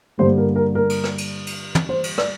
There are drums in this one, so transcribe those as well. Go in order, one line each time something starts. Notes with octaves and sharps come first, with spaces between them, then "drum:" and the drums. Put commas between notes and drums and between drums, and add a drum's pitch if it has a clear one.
G2 D3 G3 A#3 C5
A#4
A#4
A#4
drum: cymbal
drum: rim click
drum: cymbal
drum: cymbal
drum: tom
C5
drum: cymbal
D5, drum: rim click